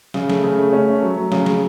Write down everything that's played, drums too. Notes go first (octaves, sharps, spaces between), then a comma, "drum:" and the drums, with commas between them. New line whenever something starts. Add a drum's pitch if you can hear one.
C#3, drum: snare
A3, drum: snare
C#3
A3
C#4
A3
F#3
F#3
C#3, drum: snare
drum: snare